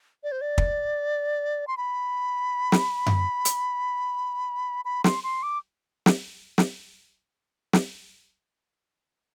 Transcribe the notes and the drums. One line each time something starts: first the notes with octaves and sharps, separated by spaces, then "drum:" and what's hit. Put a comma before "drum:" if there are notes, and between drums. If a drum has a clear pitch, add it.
D5
C5
D5
drum: kick
C6
B5
drum: snare
drum: tom F#2
drum: hi-hat
B5
C6, drum: snare
C6
D6
drum: snare
drum: snare
drum: snare